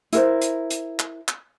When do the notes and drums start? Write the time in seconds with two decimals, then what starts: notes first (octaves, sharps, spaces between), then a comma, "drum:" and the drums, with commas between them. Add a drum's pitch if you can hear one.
0.13 E4 A#4 C5, drum: hi-hat
0.42 drum: hi-hat
0.70 drum: hi-hat
0.99 drum: clap
1.28 drum: clap